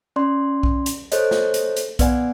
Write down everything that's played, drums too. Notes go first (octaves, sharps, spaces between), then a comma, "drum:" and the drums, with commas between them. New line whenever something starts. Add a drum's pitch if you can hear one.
C#4 D5 C6
drum: kick B1
drum: hi-hat
A4 C5 C#5 D#5, drum: hi-hat
drum: snare
drum: hi-hat
drum: hi-hat
B3 B4 D5 F#5 G#5, drum: kick B1, hi-hat